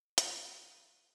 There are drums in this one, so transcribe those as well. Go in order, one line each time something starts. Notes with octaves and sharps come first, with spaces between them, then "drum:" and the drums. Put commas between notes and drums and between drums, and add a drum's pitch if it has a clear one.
A3 D#7, drum: hi-hat